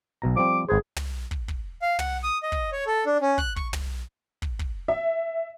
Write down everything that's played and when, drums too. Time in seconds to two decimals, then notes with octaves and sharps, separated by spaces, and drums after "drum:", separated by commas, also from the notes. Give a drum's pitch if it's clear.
0.22 B1 B2 A#5
0.36 F3 G3 C4 D6
0.69 G#1 G#4 B4 C5
0.96 drum: tom
1.31 drum: kick
1.48 drum: kick
1.82 F5
1.99 F#5, drum: tom
2.23 D#6
2.43 D#5
2.52 drum: kick
2.72 C#5
2.86 A4
3.06 D4
3.21 C#4
3.38 F#6, drum: kick
3.56 C#6, drum: kick
3.73 drum: tom
4.42 drum: kick
4.59 drum: kick
4.88 E5